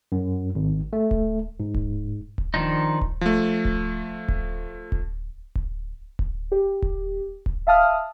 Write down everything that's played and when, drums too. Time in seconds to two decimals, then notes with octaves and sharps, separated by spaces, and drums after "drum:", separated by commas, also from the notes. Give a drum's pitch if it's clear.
0.12 F#2
0.55 G#1
0.93 A3
1.11 drum: kick D1
1.60 G#2
1.74 drum: kick D1
2.38 drum: kick D1
2.54 D#3 F3 D4 D#4
3.01 drum: kick D1
3.21 F3 A3
3.65 drum: kick D1
4.28 drum: kick D1
4.92 drum: kick D1
5.55 drum: kick D1
6.19 drum: kick D1
6.52 G4
6.82 drum: kick D1
7.46 drum: kick D1
7.67 E5 F5 A5 D#6 F6